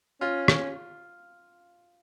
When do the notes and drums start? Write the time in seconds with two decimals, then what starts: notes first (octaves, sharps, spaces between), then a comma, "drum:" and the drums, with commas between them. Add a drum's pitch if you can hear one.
0.21 C#4 F4
0.48 drum: rim click